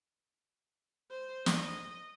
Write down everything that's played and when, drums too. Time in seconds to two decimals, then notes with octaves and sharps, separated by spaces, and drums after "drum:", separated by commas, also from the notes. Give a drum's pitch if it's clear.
1.11 C5
1.46 D#5, drum: snare